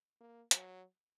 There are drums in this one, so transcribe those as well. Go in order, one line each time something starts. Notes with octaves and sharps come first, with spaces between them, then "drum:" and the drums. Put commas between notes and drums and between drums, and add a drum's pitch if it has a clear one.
A#3
F#3, drum: hi-hat